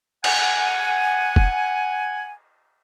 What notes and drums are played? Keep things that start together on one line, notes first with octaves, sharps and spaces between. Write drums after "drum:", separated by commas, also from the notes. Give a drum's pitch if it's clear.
F#5 G#5, drum: cymbal
drum: kick